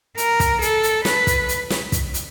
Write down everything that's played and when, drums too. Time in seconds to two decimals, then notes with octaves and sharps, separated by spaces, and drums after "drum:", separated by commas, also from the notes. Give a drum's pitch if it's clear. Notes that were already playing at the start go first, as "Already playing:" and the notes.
0.18 A#4, drum: hi-hat
0.40 drum: kick, hi-hat
0.62 A4, drum: hi-hat
0.83 drum: hi-hat
1.05 B4, drum: snare
1.27 drum: kick, hi-hat
1.49 drum: hi-hat
1.70 drum: snare
1.92 drum: kick, hi-hat
2.14 drum: hi-hat